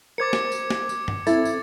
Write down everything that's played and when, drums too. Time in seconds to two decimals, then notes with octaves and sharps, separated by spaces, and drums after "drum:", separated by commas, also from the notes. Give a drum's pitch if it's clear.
0.18 A#4 C5 D6 G#6 A6 C#7
0.33 drum: snare
0.52 drum: tambourine
0.70 drum: snare
0.89 drum: tambourine
1.08 drum: tom
1.27 C4 E4 A4 A6, drum: tambourine
1.45 drum: tambourine